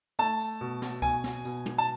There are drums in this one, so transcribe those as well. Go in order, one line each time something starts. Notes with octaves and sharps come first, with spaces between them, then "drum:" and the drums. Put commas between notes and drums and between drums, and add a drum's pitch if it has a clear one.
A3 A5, drum: tambourine
drum: tambourine
B2
drum: snare
B2 G#5, drum: kick, tambourine
drum: snare
B2, drum: tambourine
drum: tom
A5